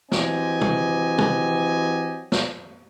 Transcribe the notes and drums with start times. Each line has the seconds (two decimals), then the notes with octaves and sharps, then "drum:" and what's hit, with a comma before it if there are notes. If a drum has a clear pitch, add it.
0.12 E3 F#3 C4 G4 D#5 G#5, drum: snare
0.61 drum: tom
1.18 drum: tom
2.32 drum: snare